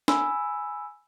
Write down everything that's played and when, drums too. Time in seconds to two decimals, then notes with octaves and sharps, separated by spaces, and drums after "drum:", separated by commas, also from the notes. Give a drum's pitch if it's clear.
0.08 G#5 B5 E6, drum: snare D4